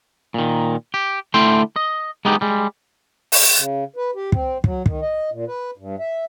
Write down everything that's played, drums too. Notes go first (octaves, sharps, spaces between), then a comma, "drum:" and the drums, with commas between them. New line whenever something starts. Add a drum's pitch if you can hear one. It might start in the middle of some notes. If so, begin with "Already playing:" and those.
A#2 D#3
G4
D3 A3 E4 G5 C6
D#5
G#3 B3 D#4 G4
G3 G#3
drum: open hi-hat
C#3
B4
G4
C4, drum: kick
F#3, drum: kick
D#3, drum: kick
D#5
A#2
B4
G2
E5